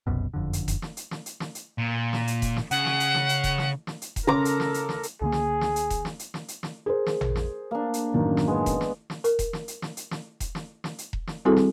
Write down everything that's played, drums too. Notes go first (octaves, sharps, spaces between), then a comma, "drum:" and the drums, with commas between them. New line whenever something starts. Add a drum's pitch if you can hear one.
F#1 C2 F#2 B2
F#1 F2 D3
drum: hi-hat
drum: kick E1, hi-hat
drum: snare
drum: hi-hat
drum: snare
drum: hi-hat
drum: snare
drum: hi-hat
A#2
drum: snare
drum: hi-hat
drum: kick E1, hi-hat
drum: snare
C#3 F#5, drum: hi-hat
drum: snare
drum: hi-hat
drum: snare
drum: hi-hat
drum: kick E1, hi-hat
drum: snare
drum: snare
drum: hi-hat
drum: kick E1, hi-hat
C#3 A4 A#4 A#5 D6
drum: hi-hat
drum: snare
drum: hi-hat
drum: snare
drum: hi-hat
C#2 D3 A#3 G#4
drum: snare
drum: snare
drum: hi-hat
drum: kick E1, hi-hat
drum: snare
drum: hi-hat
drum: snare
drum: hi-hat
drum: snare
G#4 A#4 C5
drum: snare
drum: tom A1
drum: snare
A#3 D4
drum: hi-hat
A1 F#2 D#3
drum: snare
G#3 B3
drum: kick E1, hi-hat
drum: snare
drum: snare
A#4, drum: hi-hat
drum: kick E1, hi-hat
drum: snare
drum: hi-hat
drum: snare
drum: hi-hat
drum: snare
drum: kick E1, hi-hat
drum: snare
drum: snare
drum: hi-hat
drum: kick E1
drum: snare
G3 C4 E4 F#4 G#4 A4
drum: snare